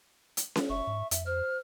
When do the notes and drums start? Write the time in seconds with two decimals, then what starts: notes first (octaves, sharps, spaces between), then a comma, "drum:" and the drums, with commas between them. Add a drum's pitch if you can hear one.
0.37 drum: hi-hat
0.56 drum: snare C#4
0.69 F#1 E5 C#6
0.87 G#2
1.11 F2 E5, drum: hi-hat
1.26 C5 F6